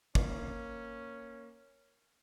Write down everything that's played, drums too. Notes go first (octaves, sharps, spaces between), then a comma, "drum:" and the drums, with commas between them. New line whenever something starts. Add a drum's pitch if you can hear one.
A#3 C#4, drum: kick